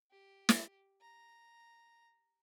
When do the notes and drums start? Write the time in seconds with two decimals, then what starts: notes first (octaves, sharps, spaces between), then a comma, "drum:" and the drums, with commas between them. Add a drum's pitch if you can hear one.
0.11 G4
0.49 drum: snare
1.01 A#5